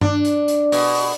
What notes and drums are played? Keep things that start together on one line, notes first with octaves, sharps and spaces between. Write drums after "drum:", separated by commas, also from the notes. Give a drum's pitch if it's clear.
D4, drum: tom G2
drum: hi-hat
drum: hi-hat
B2, drum: open hi-hat
drum: open hi-hat